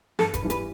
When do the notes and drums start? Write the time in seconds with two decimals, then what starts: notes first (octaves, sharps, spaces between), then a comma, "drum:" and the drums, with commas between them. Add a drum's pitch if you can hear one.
0.19 G2 A4, drum: snare
0.34 B4, drum: kick E1, hi-hat
0.43 E3 G3
0.50 B4, drum: hi-hat